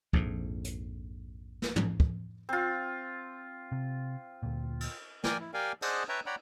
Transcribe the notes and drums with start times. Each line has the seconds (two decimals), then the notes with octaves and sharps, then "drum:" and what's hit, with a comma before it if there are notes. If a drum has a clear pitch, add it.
0.13 A#1 F2 G#2, drum: kick
0.64 drum: hi-hat
1.62 drum: snare
1.76 drum: tom
2.00 drum: kick
2.49 C4 F4
3.72 C3
4.43 D2 A#2
4.81 drum: cymbal
5.24 A#4 D5 G5 G#5, drum: snare
5.40 E4
5.54 G4 A#4 D5 F5 G5 G#5
5.82 G#4 C5 D5 D#5 F#5 A5, drum: cymbal
6.09 B4 C#5 E5 G5 A5 A#5
6.26 C#5 D5 F#5 G5 A#5 B5